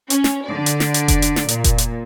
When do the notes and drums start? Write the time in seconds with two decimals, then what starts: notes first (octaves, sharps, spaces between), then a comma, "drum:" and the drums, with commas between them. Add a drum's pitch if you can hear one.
0.10 C#4, drum: hi-hat
0.24 drum: snare
0.47 D3 D5
0.66 drum: hi-hat
0.80 drum: snare
0.94 drum: hi-hat
1.08 drum: kick F1, hi-hat
1.22 drum: hi-hat
1.36 drum: snare
1.48 A#2, drum: hi-hat
1.64 drum: kick F1, hi-hat
1.78 drum: hi-hat